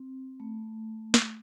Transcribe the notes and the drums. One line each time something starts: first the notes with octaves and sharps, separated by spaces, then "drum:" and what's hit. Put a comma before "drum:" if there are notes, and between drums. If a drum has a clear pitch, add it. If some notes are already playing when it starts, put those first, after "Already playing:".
Already playing: C4
A3
drum: snare